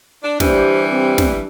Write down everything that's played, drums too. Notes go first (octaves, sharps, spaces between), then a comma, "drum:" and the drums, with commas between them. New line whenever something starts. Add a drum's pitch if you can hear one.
D4
E3 G3 D4 G4 C5, drum: snare
C4
drum: snare